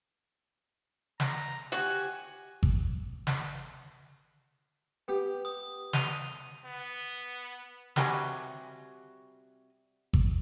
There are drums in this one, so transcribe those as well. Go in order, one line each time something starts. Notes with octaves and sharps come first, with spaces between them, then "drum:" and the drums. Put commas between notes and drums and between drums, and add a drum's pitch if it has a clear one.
A#5, drum: snare
F#4 G4 G#5, drum: hi-hat
drum: kick G#1
drum: snare
B3 G4
D#6
D#7 F7 G7, drum: snare
B3
C3 G3 F#4 G#5, drum: snare
drum: kick G#1